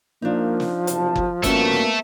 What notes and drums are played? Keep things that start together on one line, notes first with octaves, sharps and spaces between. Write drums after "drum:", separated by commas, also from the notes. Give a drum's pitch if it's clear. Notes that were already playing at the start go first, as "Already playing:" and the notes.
F3 A#3 D4 D#4
drum: snare
F#1 C3 A5, drum: hi-hat
drum: kick F#1
G2 A#3 B3 C#4 F#4 A4 E5, drum: kick F#1, hi-hat
drum: snare